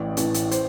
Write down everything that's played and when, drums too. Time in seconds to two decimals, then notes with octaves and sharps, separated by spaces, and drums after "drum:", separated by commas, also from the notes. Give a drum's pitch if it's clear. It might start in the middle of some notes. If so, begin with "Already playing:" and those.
Already playing: A1 A2 E3 D5
0.17 A1 A2 E3, drum: hi-hat
0.34 drum: hi-hat
0.51 C5, drum: hi-hat